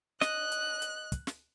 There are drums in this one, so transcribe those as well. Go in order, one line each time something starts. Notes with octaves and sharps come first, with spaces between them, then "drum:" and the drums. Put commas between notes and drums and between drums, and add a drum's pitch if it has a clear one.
D#5 F#6, drum: snare
drum: hi-hat
drum: hi-hat
drum: kick, hi-hat
drum: snare